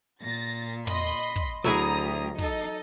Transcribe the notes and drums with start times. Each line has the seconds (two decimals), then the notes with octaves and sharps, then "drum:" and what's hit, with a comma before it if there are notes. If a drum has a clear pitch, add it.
0.22 A#2 A6 A#6
0.87 D#5 B5 C6, drum: tom
1.19 drum: hi-hat
1.36 drum: kick
1.64 D2 F#3 E4 G#4 A#5 D#6
2.38 D#4 A4 D#5, drum: kick